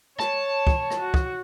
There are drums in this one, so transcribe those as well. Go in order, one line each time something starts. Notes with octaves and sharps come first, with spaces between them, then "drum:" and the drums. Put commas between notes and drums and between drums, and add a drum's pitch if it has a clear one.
C#5 A5, drum: rim click
drum: kick
drum: rim click
F#4
drum: kick